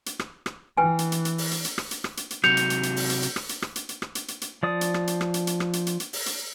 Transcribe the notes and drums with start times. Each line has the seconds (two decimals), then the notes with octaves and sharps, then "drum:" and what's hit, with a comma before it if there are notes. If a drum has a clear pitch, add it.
0.06 drum: hi-hat
0.19 drum: rim click
0.46 drum: rim click
0.77 E3 B4 G5 G#5
0.99 drum: hi-hat
1.12 drum: hi-hat
1.25 drum: hi-hat
1.38 drum: open hi-hat
1.51 drum: hi-hat
1.65 drum: hi-hat
1.78 drum: rim click
1.91 drum: hi-hat
2.04 drum: rim click
2.17 drum: hi-hat
2.30 drum: hi-hat
2.44 C3 F#3 G6 C#7 F7, drum: rim click
2.57 drum: hi-hat
2.70 drum: hi-hat
2.83 drum: hi-hat
2.96 drum: open hi-hat
3.10 drum: hi-hat
3.23 drum: hi-hat
3.36 drum: rim click
3.49 drum: hi-hat
3.62 drum: rim click
3.76 drum: hi-hat
3.89 drum: hi-hat
4.02 drum: rim click
4.15 drum: hi-hat
4.28 drum: hi-hat
4.41 drum: hi-hat
4.63 F3 D5 D#6
4.81 drum: hi-hat
4.94 drum: rim click
5.07 drum: hi-hat
5.21 drum: rim click
5.34 drum: hi-hat
5.47 drum: hi-hat
5.60 drum: rim click
5.73 drum: hi-hat
5.87 drum: hi-hat
6.00 drum: hi-hat
6.13 drum: open hi-hat
6.26 drum: hi-hat